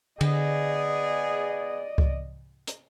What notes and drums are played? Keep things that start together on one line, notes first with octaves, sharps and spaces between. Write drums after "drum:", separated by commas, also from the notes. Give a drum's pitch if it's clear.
D3 B3 G#4 D5 D#5, drum: cymbal
drum: kick C2
drum: hi-hat